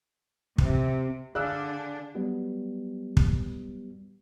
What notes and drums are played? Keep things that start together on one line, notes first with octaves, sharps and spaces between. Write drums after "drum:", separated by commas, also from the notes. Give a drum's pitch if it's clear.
C3, drum: kick
D3 D4 G#4 D5 F5 D6 E6 F#6
F#3 G3 B3
drum: kick